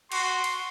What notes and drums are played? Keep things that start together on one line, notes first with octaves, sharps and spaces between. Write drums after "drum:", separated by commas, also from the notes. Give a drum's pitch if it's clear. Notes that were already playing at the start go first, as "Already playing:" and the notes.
F#4 C6, drum: cymbal
drum: cymbal